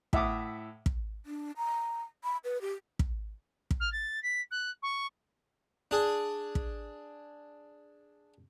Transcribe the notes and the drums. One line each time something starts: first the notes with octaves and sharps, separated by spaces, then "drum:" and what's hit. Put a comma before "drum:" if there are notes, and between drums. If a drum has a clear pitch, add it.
A2 E5 F#5 D6 D#6, drum: kick
drum: kick
D4
A#5
B5
B4
G4
drum: kick
drum: kick
F6
A6
B6
F#6
C#6
D4 G#4
drum: kick